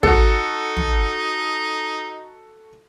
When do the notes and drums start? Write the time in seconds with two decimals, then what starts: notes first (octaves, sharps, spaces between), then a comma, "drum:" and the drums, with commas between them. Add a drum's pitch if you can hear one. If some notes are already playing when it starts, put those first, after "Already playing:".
0.03 D#4 F#4 A4, drum: kick
0.77 drum: tom